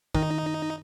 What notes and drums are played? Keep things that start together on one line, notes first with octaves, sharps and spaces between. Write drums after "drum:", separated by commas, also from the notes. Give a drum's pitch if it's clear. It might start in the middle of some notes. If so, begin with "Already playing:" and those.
D#3 D#4, drum: kick